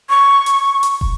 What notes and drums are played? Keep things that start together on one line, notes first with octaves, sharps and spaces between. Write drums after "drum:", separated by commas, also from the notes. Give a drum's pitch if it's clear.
C#6
drum: hi-hat
drum: hi-hat
drum: kick